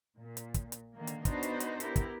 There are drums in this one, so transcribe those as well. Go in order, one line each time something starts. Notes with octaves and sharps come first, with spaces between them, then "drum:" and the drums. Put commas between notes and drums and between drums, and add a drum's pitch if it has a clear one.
A#2
drum: hi-hat
drum: kick, hi-hat
drum: hi-hat
D3 D#3 A#3
drum: hi-hat
B3 D4 D#4 F#4 B4 C5, drum: kick, hi-hat
drum: hi-hat
drum: hi-hat
B3 E4 G4 A#4, drum: hi-hat
drum: kick, hi-hat